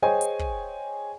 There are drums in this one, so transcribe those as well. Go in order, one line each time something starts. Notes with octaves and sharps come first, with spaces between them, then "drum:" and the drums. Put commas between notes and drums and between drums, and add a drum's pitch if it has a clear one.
G#4 C5 C#5 D#5 G5 G#5
drum: hi-hat
drum: kick